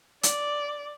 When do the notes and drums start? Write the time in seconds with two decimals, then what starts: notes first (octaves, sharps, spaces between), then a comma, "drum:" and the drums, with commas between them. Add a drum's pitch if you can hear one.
0.23 D5, drum: hi-hat